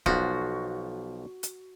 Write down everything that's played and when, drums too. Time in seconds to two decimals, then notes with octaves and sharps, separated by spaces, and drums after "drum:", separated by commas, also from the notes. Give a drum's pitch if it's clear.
0.06 B1 F3 F#4, drum: kick
1.43 drum: hi-hat